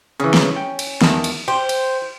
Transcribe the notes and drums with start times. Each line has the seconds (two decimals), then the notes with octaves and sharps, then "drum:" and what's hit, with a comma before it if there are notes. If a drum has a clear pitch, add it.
0.20 C#3 E3 C#4
0.34 drum: snare
0.56 G5
0.79 drum: cymbal
1.02 E2 D#3 A5, drum: snare
1.24 drum: cymbal
1.48 G4 C5
1.69 drum: cymbal